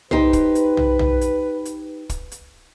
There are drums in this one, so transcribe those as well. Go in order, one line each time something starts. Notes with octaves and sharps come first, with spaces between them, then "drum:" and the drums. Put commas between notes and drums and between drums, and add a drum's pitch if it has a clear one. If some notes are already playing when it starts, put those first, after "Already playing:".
D#4 G4 B4 C5, drum: tom
drum: kick, hi-hat
drum: hi-hat
drum: tom
drum: tom
drum: hi-hat
drum: hi-hat
drum: kick, hi-hat
drum: hi-hat